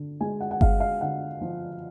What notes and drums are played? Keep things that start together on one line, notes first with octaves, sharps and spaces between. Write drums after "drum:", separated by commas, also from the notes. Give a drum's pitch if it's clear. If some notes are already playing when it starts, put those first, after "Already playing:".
Already playing: D3
G#3 G#5
F#5
F#5
G#3 F5, drum: kick G1
F5
D3 F#5
F3